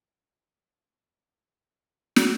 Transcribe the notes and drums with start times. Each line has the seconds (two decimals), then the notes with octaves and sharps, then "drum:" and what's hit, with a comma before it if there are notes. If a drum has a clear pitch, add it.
0.13 G#2
0.53 F#5 G5
0.76 D2 C3
1.35 C#4
1.81 B3
2.16 drum: snare